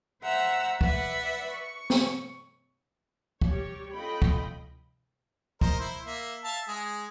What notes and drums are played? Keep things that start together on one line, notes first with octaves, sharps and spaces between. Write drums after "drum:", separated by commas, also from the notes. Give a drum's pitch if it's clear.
C5 E5 F#5 A#5 E6
B4 D5 E5 F#5, drum: kick
C#6
drum: snare
G3 G4 C#5, drum: kick
C#4 F4 A4 D#5 G5 B5
drum: kick
A#4 C5 D#5, drum: kick
E4 C5
A#3 E5
E5 F5 A5
G#3 G#4